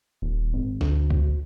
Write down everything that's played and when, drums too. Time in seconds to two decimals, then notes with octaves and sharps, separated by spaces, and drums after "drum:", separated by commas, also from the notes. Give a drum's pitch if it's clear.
0.22 D#1
0.53 G#1
0.81 D2, drum: snare
1.10 drum: kick C2